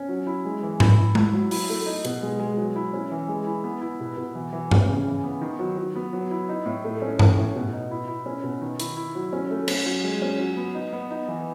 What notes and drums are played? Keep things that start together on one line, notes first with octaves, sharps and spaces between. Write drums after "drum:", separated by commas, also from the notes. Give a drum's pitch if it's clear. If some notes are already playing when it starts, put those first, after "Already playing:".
Already playing: C#4
F#3
E4
G#3
E3
E4, drum: tom G#2
E4
E4, drum: tom G#3
F#3
E4, drum: open hi-hat
A3
D#4
B2, drum: hi-hat
G#3
G#3
F#3
E4
C#4
E3
G#3
E4
B3
E4
B2
B2
E3
E3
C#4, drum: tom G2
C#3
E3
B3
D#3
F#3
F#3
B3
F#3
E4
D#4
A2
A3
C#4
A2, drum: tom G2
A2
B2
D#4
E4
E4
C#4
B2
D#3
E4, drum: hi-hat
E4
F#3
C#4
A3
C#4, drum: cymbal
F#3
G#3
C#4
F#3
B3
D#4
B3
D#4
E3